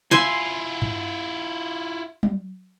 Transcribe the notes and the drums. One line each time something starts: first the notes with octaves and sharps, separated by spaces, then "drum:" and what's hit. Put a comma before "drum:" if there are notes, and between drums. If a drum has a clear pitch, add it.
E4 F4 E5 G#5 C6
drum: tom G2
drum: tom F#3